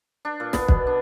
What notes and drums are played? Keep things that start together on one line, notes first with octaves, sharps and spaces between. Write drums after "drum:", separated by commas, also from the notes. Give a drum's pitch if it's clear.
D4
A#2
B3, drum: snare
B2, drum: kick
D4